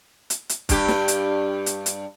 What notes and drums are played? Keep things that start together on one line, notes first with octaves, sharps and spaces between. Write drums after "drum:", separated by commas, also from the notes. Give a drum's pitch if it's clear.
drum: hi-hat
drum: hi-hat
G2 G4, drum: kick, hi-hat
drum: snare
drum: hi-hat
drum: hi-hat
drum: hi-hat